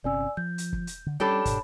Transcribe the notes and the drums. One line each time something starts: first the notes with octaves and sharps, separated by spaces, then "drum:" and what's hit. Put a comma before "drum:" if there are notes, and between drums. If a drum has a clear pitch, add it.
G1 C3 C#4 D5 G#5 E6
F3 G6
drum: hi-hat
drum: kick
drum: hi-hat
D3
G3 C#4 D4 G4 A4 C#5 A5 B5
G#2 B2, drum: kick, hi-hat